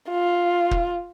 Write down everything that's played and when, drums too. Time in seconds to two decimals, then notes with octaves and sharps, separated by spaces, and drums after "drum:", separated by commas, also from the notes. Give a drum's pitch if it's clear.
0.10 F4
0.71 drum: kick